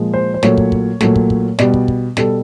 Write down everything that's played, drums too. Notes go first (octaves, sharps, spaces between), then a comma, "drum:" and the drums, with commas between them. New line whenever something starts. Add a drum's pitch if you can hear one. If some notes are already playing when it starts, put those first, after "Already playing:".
Already playing: A#2 F3 G#3
C5
C5
A#2 F#3 A3 C#5, drum: snare
drum: kick
drum: kick
A#2 F#3 A3, drum: snare
drum: kick
drum: kick
B2 G3 D5, drum: snare
drum: kick
drum: kick
B2 G3 A4, drum: snare